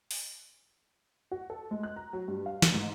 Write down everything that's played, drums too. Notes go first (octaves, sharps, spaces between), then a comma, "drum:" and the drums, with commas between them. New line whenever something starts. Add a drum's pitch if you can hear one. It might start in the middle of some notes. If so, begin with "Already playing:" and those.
drum: open hi-hat
F#4
A4
G#3
F#6
A#5
F#3
G2
F5
B2, drum: snare
G#2